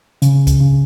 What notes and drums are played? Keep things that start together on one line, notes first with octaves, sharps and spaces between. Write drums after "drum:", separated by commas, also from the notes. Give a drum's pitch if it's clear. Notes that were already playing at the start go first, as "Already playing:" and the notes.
C#3, drum: hi-hat
drum: kick C#2, hi-hat
C#3